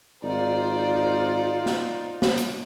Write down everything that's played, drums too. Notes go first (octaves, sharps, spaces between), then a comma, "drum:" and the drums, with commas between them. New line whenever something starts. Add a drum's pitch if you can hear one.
G#1 D#4 F4 C5 D5
drum: snare
drum: snare
drum: hi-hat